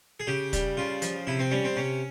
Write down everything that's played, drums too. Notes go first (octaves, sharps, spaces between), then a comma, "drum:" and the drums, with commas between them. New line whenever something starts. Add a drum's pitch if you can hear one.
G#4
C#3 G4
G3, drum: kick, hi-hat
C#3 F4
F3, drum: hi-hat
C3 E4
C4
G3 C#4
C4
C3 C#4